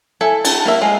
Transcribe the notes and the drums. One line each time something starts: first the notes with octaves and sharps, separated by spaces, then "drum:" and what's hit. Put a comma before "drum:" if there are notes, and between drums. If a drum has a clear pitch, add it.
E4 A4 G#5
A5, drum: cymbal
A#3 E5
G#3 F4